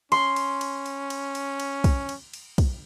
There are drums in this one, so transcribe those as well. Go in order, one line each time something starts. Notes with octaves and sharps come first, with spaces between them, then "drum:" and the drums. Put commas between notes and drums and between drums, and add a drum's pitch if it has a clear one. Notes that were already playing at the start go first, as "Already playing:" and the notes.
C#4 C6, drum: cymbal
drum: cymbal
drum: cymbal
drum: cymbal
drum: cymbal
drum: cymbal
drum: cymbal
drum: kick, cymbal
drum: cymbal
drum: cymbal
drum: kick, cymbal